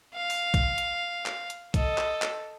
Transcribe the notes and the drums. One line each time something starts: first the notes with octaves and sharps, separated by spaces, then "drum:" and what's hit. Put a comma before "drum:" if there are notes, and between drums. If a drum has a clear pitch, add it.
F5
drum: open hi-hat
drum: kick, hi-hat
drum: hi-hat
drum: clap
drum: hi-hat
A4 D#5, drum: kick, hi-hat
drum: clap
drum: clap